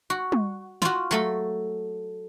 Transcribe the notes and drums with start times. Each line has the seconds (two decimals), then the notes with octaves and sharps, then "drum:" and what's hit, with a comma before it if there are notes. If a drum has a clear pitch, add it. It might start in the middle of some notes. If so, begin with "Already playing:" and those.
0.10 F#4
0.32 drum: tom G3
0.82 F4 F#4, drum: snare
1.11 F#3 A3 A4